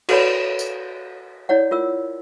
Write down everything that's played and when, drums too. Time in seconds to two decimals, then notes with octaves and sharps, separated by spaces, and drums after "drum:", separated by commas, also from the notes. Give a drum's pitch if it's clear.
0.09 F#4 A4 B4 C#5 D5 B5, drum: cymbal
0.59 drum: tambourine
1.49 E4 C#5 D5 F#5
1.71 F4 A#4 E6